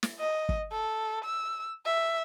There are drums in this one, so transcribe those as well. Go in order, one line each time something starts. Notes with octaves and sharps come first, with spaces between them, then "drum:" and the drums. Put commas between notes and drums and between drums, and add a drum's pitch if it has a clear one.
drum: snare
D#5
drum: kick
A4
E6
E5